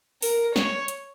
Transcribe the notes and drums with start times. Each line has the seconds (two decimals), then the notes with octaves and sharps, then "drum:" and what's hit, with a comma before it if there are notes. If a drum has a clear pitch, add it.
0.22 A#4, drum: open hi-hat
0.56 C#5, drum: snare
0.88 drum: hi-hat